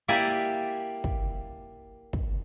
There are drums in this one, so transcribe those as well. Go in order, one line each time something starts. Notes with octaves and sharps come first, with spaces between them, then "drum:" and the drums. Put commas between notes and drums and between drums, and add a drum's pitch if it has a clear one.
A#3 E4 G4 D5 E5 G#5
drum: kick
drum: kick